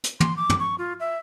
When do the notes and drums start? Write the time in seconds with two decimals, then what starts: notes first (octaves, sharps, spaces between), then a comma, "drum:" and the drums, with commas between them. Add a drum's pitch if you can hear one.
0.04 drum: hi-hat
0.20 C6, drum: tom
0.36 D6
0.50 drum: tom
0.60 C#6
0.78 F4
1.00 E5